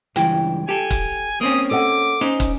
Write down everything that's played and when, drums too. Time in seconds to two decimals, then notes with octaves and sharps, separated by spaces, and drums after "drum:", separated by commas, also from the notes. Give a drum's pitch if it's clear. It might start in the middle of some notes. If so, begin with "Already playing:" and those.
0.16 C#2 G2 E3 G5, drum: hi-hat
0.69 G4 A4 G#5
0.90 drum: kick, hi-hat
1.41 A#3 C4 C#4 D#6
1.71 A4 D#5 F#5 D6
2.21 C#4 D#4 C5
2.40 drum: kick, hi-hat